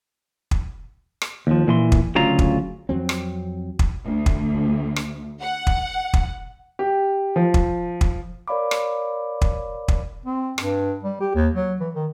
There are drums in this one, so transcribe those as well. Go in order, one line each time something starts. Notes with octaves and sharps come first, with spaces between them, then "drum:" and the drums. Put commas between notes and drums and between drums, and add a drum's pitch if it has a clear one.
drum: kick
drum: rim click
D#2 F3
A#2 E3 C6
drum: kick
D2 C#3 F#3 F4 A#5
drum: kick
F2 F#3 C4
drum: rim click
drum: kick
D2
drum: kick
drum: rim click
F#5
drum: kick
drum: kick
G4
F3
drum: kick
drum: kick
A#4 C#5 D5 F5 B5 D6
drum: rim click
drum: kick
drum: kick
C4
G2, drum: rim click
G3
G4
D#2
F#3
E3
D#3